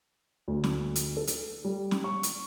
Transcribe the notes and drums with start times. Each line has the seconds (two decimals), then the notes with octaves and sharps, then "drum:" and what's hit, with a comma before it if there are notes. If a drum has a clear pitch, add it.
0.48 D2
0.64 drum: snare
0.96 drum: hi-hat
1.17 A4
1.27 drum: hi-hat
1.65 G3
1.91 drum: snare
2.04 C#6
2.23 drum: hi-hat